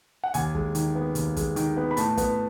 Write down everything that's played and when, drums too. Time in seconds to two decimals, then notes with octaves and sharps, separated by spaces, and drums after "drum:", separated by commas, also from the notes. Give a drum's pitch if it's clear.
0.24 F#5
0.34 D#2 G#5, drum: hi-hat
0.55 G#3, drum: kick
0.75 D#3, drum: hi-hat
0.95 B3
1.15 D#2, drum: hi-hat
1.37 G#3, drum: kick, hi-hat
1.56 D#3, drum: hi-hat
1.77 B3
1.91 B5
1.97 A2 A5, drum: hi-hat
2.17 B3, drum: kick, hi-hat